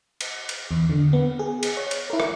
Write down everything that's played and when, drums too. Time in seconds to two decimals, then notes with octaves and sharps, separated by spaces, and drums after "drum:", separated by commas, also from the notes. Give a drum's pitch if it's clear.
0.21 drum: cymbal
0.49 drum: cymbal
0.71 E2
0.90 D3
1.13 B3
1.39 G#4
1.63 drum: cymbal
1.77 C#5
1.91 drum: cymbal
2.10 E4 A#4
2.20 drum: rim click